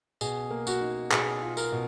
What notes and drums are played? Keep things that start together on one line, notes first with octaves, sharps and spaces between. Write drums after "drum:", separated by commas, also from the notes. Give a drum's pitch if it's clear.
B2 G#4, drum: tambourine
A#3
F#4, drum: tambourine
D#4
B2 G#4, drum: clap
F4
A#4, drum: tambourine
B2